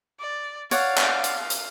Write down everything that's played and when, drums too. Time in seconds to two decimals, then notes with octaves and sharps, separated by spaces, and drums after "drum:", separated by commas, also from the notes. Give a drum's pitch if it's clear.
0.20 D5
0.71 C#5 D5 F5 F#5, drum: hi-hat
0.98 drum: clap
1.24 drum: hi-hat
1.50 drum: hi-hat